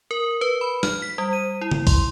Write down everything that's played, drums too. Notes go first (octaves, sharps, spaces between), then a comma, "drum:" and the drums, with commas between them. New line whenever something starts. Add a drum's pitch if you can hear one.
A#4
B4
B5
F6, drum: snare
B6
G3
D#7
E4
drum: tom C#3
C6, drum: kick, open hi-hat